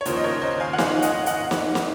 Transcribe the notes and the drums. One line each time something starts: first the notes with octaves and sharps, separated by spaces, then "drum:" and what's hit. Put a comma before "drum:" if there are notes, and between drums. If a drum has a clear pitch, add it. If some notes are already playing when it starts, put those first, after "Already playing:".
C#5
D#2 C#3 F3 A#3 C5, drum: hi-hat
D#5
A#4 C#5
C5 D#5
F5 G#5
F#5
F5 G#5, drum: snare
D#5 F#5, drum: hi-hat
D#5 F#5, drum: hi-hat
drum: snare
drum: snare